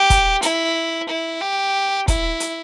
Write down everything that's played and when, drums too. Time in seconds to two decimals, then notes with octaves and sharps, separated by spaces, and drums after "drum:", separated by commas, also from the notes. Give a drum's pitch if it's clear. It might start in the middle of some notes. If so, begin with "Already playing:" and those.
Already playing: G4
0.10 drum: kick, hi-hat
0.42 E4, drum: hi-hat
1.09 E4
1.41 G4
2.08 E4, drum: kick, hi-hat
2.40 drum: hi-hat